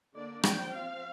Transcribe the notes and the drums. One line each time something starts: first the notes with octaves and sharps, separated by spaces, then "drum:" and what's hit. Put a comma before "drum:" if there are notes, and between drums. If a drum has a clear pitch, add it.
D3 A#3 D4 D5
F3 D4 G5, drum: rim click
F3 C4 F5